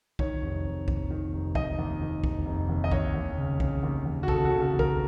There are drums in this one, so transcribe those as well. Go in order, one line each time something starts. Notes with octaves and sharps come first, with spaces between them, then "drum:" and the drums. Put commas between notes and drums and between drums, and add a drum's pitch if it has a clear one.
D#3 C#5, drum: kick C2
F1
F1
D#2, drum: kick C2
D#3
F1
F1 D#5, drum: kick C2
D#2
D#3
F1, drum: kick C2
F1
D#2
D#5
D#2 C#5, drum: kick C2
D#2
C#3
C#3, drum: kick C2
D#2
D#2
F#4
C#3 A4, drum: kick C2
F#4
C#3
A4
D#2
A#4, drum: kick C2